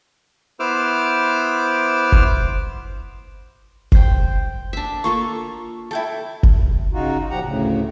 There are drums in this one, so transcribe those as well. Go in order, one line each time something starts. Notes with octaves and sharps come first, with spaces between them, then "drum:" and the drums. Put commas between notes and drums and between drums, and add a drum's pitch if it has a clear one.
B3 E4 C5 D6 E6 F6
drum: kick F#1
C5 G5, drum: kick F#1
D4 E5
A#3 F4 A4 C#6
E4 A4 G5 A5
drum: kick F#1
C#3 D#4 F4 F#4
A#2 F3 G4 F#5 A#5
D2 A2 C#3